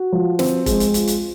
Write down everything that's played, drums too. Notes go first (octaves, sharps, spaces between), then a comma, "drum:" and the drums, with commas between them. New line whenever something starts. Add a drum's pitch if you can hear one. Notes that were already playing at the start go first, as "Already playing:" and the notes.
Already playing: F#4
F3
C4, drum: snare
G#3, drum: kick F1, hi-hat
drum: hi-hat
F4, drum: hi-hat
drum: hi-hat